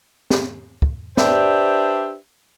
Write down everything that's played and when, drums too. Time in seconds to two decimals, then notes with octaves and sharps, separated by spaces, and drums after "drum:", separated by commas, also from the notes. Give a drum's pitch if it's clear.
0.30 drum: snare
0.82 drum: kick
1.17 D4 G4 B4 C5 D5 E5, drum: snare